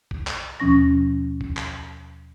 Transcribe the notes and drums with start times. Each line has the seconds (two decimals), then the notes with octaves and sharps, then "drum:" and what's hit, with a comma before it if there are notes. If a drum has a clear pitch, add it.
0.11 drum: kick B1
0.27 drum: clap
0.60 D#2 B2 F3 C#4 C#6 A#6
1.41 drum: kick B1
1.57 drum: clap